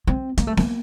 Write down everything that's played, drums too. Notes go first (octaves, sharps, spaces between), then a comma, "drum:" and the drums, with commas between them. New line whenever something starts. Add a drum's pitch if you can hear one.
C4
A#3, drum: hi-hat
A3
A#3, drum: snare B3